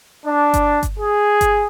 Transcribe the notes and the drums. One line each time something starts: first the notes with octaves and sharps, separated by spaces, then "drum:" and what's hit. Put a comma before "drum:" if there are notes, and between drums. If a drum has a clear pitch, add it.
D4
drum: kick G1, hi-hat
drum: kick G1, hi-hat
G#4
drum: kick G1, hi-hat